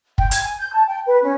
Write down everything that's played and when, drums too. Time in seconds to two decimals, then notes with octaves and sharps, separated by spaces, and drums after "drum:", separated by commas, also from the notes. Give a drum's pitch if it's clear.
0.18 G5, drum: kick
0.31 G#6, drum: hi-hat
0.43 G#5
0.59 G6
0.73 A5
0.88 G5
1.07 B4
1.23 C#4